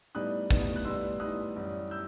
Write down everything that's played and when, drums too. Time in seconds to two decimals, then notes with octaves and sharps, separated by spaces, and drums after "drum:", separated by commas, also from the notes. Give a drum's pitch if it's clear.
0.15 A2 G3 B3 D#4 D#6 F#6
0.51 A2 G3 B3 D#4, drum: kick
0.76 F#6
0.85 A2 G3 B3 D#4 C6 E6
1.20 A2 G3 B3 D#4 D#6 F#6
1.56 F#2 E3 G3
1.91 E6 G6